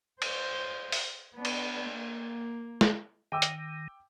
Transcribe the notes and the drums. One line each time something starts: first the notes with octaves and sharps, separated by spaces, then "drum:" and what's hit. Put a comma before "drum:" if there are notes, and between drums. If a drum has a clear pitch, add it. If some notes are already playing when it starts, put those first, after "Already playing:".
C5, drum: cymbal
drum: open hi-hat
B3 D4
drum: cymbal
A#3
drum: snare
D#3 G5 D6 E6
drum: hi-hat